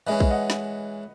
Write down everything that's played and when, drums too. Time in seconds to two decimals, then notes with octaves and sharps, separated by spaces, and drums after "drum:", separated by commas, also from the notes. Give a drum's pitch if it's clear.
0.07 E3 G#3 C#4 B4 D#5
0.20 drum: kick
0.30 D#5 F#5
0.50 drum: snare